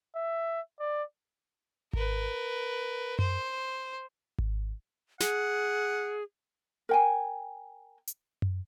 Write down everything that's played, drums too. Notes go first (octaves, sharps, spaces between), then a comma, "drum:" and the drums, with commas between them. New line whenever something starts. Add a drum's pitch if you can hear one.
E5
D5
A#4 B4, drum: kick G#1
C5, drum: tom F#2
drum: kick G#1
G#4 F#5, drum: snare
A#4 G5 G#5
drum: hi-hat
drum: tom F#2